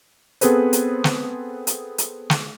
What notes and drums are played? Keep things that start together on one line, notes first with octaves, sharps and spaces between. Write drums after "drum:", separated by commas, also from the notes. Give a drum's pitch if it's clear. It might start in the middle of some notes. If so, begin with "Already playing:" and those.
B3 C4 G#4 A4 B4 C5, drum: hi-hat
drum: hi-hat
drum: snare
drum: hi-hat
drum: hi-hat
drum: snare